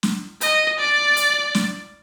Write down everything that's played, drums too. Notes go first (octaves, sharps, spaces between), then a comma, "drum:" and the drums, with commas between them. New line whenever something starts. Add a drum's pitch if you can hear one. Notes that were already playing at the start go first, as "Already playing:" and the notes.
drum: snare
D#5, drum: hi-hat
D5
drum: hi-hat
drum: snare